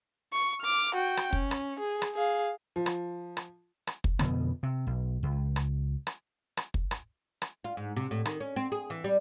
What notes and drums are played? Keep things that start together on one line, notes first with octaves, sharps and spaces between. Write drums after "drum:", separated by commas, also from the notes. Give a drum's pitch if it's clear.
C#6
D6 F6
F#4 G5
drum: rim click
C#4, drum: kick
drum: rim click
G#4
drum: rim click
G#4 F5
F3
drum: rim click
drum: rim click
drum: rim click
drum: kick
F2 B2 D3 B3, drum: rim click
C3
B1
C#2
drum: rim click
drum: rim click
drum: rim click
drum: kick
drum: rim click
drum: rim click
F4
G#2
C3
A2
D#3, drum: rim click
C#4
C4
G#4
E3
G3